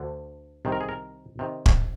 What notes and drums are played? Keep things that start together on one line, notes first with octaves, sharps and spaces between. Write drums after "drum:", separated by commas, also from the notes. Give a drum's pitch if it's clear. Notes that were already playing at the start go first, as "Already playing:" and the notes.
Already playing: D2 D3
C2 C3 D#3
A#4
G#4
A#4
C3 D#3
drum: kick